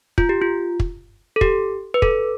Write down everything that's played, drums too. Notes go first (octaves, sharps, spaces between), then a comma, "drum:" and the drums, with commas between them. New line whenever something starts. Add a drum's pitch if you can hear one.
F4, drum: kick
G4
F4
drum: kick
A4
G4, drum: kick
B4
A4, drum: kick